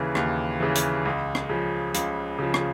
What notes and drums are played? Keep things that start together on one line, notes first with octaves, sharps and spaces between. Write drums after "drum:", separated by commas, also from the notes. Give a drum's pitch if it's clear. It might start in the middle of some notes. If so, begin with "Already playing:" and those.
Already playing: D#2 C#3 E3
D#2, drum: rim click
C#3 E3
drum: hi-hat
C#2
drum: rim click
C#3 F3
C#2, drum: hi-hat
C#3 F3
drum: rim click